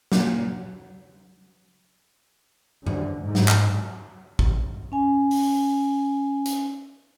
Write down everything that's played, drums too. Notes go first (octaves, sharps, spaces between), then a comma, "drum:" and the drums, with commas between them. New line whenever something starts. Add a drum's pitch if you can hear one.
A#2, drum: snare
D3, drum: tom F#2
G#2
drum: snare
drum: clap
drum: kick A1
C#4 G#5
drum: open hi-hat
drum: hi-hat